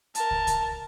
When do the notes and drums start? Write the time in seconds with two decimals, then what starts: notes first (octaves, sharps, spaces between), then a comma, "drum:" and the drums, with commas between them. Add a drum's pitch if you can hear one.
0.15 A#4 A5, drum: hi-hat
0.31 drum: kick
0.47 drum: kick, hi-hat